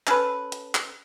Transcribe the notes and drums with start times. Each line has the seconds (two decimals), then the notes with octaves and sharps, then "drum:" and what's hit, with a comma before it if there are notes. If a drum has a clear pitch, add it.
0.07 C#4 A4 B4, drum: clap
0.52 drum: hi-hat
0.75 drum: clap